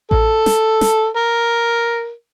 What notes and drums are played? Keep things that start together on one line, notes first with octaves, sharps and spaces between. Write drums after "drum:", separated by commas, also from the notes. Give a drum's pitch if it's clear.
A4, drum: kick A1
drum: snare
drum: snare
A#4